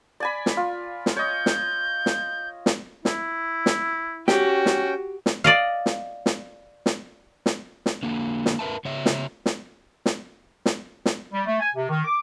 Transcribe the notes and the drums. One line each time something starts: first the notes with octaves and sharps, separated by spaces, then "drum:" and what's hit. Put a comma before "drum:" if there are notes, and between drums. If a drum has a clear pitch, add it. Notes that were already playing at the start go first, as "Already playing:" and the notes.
D5 G#5 B5
drum: snare
F4
drum: snare
C#5 D#5 G6
drum: snare
drum: snare
drum: snare
E4, drum: snare
drum: snare
C#4 F#4 G4 G5, drum: snare
drum: snare
drum: snare
D5 D#5 F5
drum: snare
drum: snare
drum: snare
drum: snare
drum: snare
D3 A#3
drum: snare
A#4 B4 C#5 E5 A5
C#3 C#5 E5
drum: snare
drum: snare
drum: snare
drum: snare
drum: snare
G3
A3
G#5
C3
D#3
D6